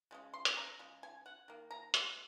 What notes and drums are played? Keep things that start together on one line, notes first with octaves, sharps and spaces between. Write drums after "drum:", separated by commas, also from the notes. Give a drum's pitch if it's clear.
C#3 G#3 C#4
C6
drum: hi-hat
A#5
C#3 G#3
G#5
F#5
D#3 A#3
A#5
C6, drum: hi-hat